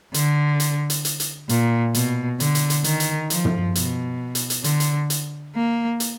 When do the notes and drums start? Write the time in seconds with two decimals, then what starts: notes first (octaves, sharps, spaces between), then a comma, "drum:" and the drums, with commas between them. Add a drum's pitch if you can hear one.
0.14 D3, drum: hi-hat
0.60 drum: hi-hat
0.90 drum: hi-hat
1.05 drum: hi-hat
1.20 drum: hi-hat
1.49 A#2, drum: hi-hat
1.94 B2, drum: hi-hat
2.40 D3, drum: hi-hat
2.55 drum: hi-hat
2.70 drum: hi-hat
2.84 D#3, drum: hi-hat
3.00 drum: hi-hat
3.30 F3, drum: hi-hat
3.45 drum: tom
3.75 B2, drum: hi-hat
4.35 drum: hi-hat
4.50 drum: hi-hat
4.64 D3, drum: hi-hat
4.80 drum: hi-hat
5.10 drum: hi-hat
5.55 A#3
6.00 drum: hi-hat